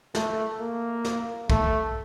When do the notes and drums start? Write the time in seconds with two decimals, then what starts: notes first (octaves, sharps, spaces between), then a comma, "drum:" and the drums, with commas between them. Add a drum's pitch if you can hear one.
0.15 A3, drum: snare
0.60 A#3
1.05 drum: snare
1.50 A3, drum: kick